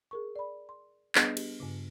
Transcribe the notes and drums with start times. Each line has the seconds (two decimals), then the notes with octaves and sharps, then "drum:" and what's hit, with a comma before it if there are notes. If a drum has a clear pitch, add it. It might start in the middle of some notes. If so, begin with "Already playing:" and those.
0.11 G#4 A#4 C#6
0.36 D5 B5
0.69 C6
1.15 G3 B3 D4 G#4 B4 D#5, drum: clap
1.37 G4, drum: cymbal
1.60 G2 C#3